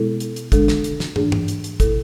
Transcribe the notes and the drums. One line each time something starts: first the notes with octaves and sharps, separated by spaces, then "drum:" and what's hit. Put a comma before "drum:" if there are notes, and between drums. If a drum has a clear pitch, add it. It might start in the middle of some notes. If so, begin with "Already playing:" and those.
Already playing: B2 G#3 B3 E4 A4
drum: hi-hat
drum: hi-hat
D3 G#3 D4 A4, drum: kick, hi-hat
drum: snare
drum: hi-hat
drum: snare
G#2 E3 A3 D4 G#4, drum: tom
drum: tom
drum: hi-hat
drum: hi-hat
B2 A3 E4 A4, drum: kick, hi-hat